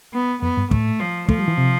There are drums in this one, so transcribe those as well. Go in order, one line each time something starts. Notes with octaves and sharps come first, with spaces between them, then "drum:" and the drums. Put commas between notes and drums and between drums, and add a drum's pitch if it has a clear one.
B3
F2 B3
G2
A2 A3, drum: kick
F3
F3 A3, drum: kick
G3
E3
C3